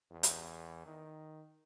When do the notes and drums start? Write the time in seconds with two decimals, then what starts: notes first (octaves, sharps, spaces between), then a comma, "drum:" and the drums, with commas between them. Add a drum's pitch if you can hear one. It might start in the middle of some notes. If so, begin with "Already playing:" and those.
0.11 E2
0.23 drum: hi-hat
0.86 D#3